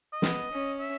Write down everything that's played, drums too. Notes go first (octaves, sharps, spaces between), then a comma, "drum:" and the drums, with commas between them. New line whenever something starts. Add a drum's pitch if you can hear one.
D#5
B3, drum: snare
C#4
E5